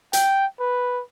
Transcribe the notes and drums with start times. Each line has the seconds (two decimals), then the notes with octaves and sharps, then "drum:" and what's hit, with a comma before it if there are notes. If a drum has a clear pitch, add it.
0.13 G5, drum: hi-hat
0.60 B4